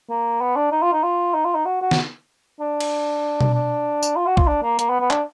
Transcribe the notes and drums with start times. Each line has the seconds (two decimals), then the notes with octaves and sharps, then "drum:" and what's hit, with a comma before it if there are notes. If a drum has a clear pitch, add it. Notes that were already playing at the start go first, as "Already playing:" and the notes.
0.09 A#3
0.41 B3
0.56 D4
0.72 D#4
0.82 F4
0.93 D#4
1.04 F4
1.34 D#4
1.45 F4
1.55 D#4
1.66 F#4
1.82 F#4
1.91 drum: snare
2.60 D4
2.80 drum: cymbal
3.41 drum: tom B2
3.54 D4
4.03 drum: tambourine
4.16 F4
4.27 F#4
4.37 F4, drum: kick
4.48 D4
4.63 A#3
4.79 A#3, drum: hi-hat
4.90 B3
5.00 B3
5.10 D4, drum: clap